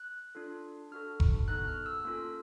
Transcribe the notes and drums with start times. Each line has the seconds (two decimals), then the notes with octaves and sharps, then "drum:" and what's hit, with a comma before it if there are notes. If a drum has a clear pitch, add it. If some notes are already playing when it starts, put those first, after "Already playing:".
Already playing: F#6
0.35 D4 F4 A4
0.91 D4 F#4 A4 F6
1.20 drum: kick F1
1.48 B3 D#4 F#4 A4 F#6
1.68 F6
1.86 E6
2.05 A#3 C#4 F4 A4